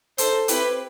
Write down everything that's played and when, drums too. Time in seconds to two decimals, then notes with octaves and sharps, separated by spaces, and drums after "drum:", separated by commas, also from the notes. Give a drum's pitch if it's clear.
0.18 D#4 A4 C5, drum: hi-hat
0.48 C4 E4 G4 B4, drum: hi-hat